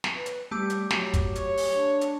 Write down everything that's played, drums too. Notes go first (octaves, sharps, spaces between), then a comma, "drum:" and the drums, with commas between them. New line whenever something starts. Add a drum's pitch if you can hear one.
drum: snare
B4
drum: hi-hat
G3 A3 G4 D6
drum: hi-hat
F#3, drum: snare
drum: kick, hi-hat
C#5, drum: hi-hat
drum: open hi-hat
D4
drum: hi-hat